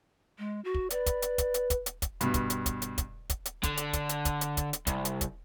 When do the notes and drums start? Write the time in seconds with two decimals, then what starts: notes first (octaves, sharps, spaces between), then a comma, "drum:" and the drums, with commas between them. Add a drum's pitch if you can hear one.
0.39 G#3
0.64 F#4
0.74 drum: kick
0.90 B4 D5, drum: hi-hat
1.06 drum: kick, hi-hat
1.22 drum: hi-hat
1.38 drum: kick, hi-hat
1.54 drum: hi-hat
1.70 drum: kick, hi-hat
1.86 drum: hi-hat
2.02 drum: kick, hi-hat
2.21 G2 B2, drum: hi-hat
2.34 drum: kick, hi-hat
2.50 drum: hi-hat
2.66 drum: kick, hi-hat
2.82 drum: hi-hat
2.98 drum: kick, hi-hat
3.30 drum: kick, hi-hat
3.45 drum: hi-hat
3.63 D3, drum: kick, hi-hat
3.77 drum: hi-hat
3.93 drum: kick, hi-hat
4.09 drum: hi-hat
4.25 drum: kick, hi-hat
4.41 drum: hi-hat
4.57 drum: kick, hi-hat
4.73 drum: hi-hat
4.87 C2, drum: kick, hi-hat
5.05 drum: hi-hat
5.21 drum: kick, hi-hat